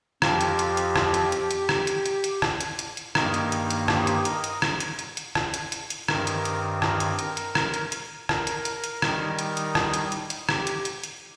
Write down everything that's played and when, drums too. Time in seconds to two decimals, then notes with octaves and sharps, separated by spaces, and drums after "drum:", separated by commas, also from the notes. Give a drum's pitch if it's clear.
0.22 F2 F3 C4 F4 G4, drum: rim click
0.41 drum: hi-hat
0.59 drum: hi-hat
0.77 drum: hi-hat
0.96 drum: rim click
1.14 drum: hi-hat
1.32 drum: hi-hat
1.51 drum: hi-hat
1.69 drum: rim click
1.87 drum: hi-hat
2.06 drum: hi-hat
2.24 drum: hi-hat
2.42 drum: rim click
2.61 drum: hi-hat
2.79 drum: hi-hat
2.97 drum: hi-hat
3.15 G2 D#3 A#3 D#4 A#4, drum: rim click
3.34 drum: hi-hat
3.52 drum: hi-hat
3.70 drum: hi-hat
3.88 G4 C5, drum: rim click
4.07 drum: hi-hat
4.25 A#4 D#5, drum: hi-hat
4.44 drum: hi-hat
4.62 drum: rim click
4.80 drum: hi-hat
4.99 drum: hi-hat
5.17 drum: hi-hat
5.35 drum: rim click
5.54 drum: hi-hat
5.72 drum: hi-hat
5.90 drum: hi-hat
6.08 G2 D#3 C4 A#4, drum: rim click
6.27 drum: hi-hat
6.45 drum: hi-hat
6.82 A#4, drum: rim click
7.00 drum: hi-hat
7.19 drum: hi-hat
7.37 drum: hi-hat
7.55 drum: rim click
7.74 drum: hi-hat
7.92 drum: hi-hat
8.29 A#4, drum: rim click
8.47 drum: hi-hat
8.65 drum: hi-hat
8.84 drum: hi-hat
9.02 D#3 G3 D#4, drum: rim click
9.39 drum: hi-hat
9.57 drum: hi-hat
9.75 drum: rim click
9.94 drum: hi-hat
10.12 drum: hi-hat
10.30 drum: hi-hat
10.49 G4, drum: rim click
10.67 drum: hi-hat
10.85 drum: hi-hat
11.04 drum: hi-hat